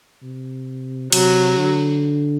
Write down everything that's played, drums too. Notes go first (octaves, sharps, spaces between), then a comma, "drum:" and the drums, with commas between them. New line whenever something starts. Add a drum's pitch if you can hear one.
C3
C3 F#3, drum: cymbal
D3